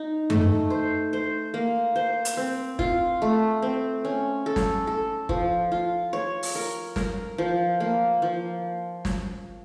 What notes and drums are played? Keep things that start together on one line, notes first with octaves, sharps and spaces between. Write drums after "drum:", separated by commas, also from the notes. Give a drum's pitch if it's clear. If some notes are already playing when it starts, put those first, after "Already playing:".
Already playing: D#4
A3, drum: tom F#2
C5
C5
A#3
C5
drum: hi-hat
C4
F4, drum: kick
A3
C4
C#4
A4
drum: snare
A4
F3, drum: kick
F4
C#5
drum: open hi-hat
A#4
A#4, drum: snare
F3
A#3
F3
drum: snare